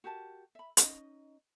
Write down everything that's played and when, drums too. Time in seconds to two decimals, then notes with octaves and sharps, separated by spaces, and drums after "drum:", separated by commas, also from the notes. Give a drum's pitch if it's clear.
0.04 F#4 G4 A#4 A5
0.55 E5 B5
0.77 C#4 D#4 D#5, drum: hi-hat